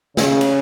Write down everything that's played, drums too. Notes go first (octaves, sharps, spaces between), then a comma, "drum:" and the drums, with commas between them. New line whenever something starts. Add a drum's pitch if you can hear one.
C#3, drum: snare
drum: cymbal